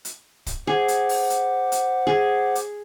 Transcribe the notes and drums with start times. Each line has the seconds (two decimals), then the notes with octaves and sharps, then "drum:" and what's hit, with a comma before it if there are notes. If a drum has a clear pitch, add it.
0.05 drum: hi-hat
0.46 drum: kick, hi-hat
0.67 G#4 C5 F#5 D6
0.88 drum: hi-hat
1.09 drum: open hi-hat
1.30 drum: hi-hat
1.72 drum: hi-hat
2.07 G#4
2.55 drum: hi-hat